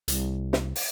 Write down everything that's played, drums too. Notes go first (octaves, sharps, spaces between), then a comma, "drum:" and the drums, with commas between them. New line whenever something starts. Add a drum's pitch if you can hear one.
C2, drum: hi-hat
drum: snare
drum: open hi-hat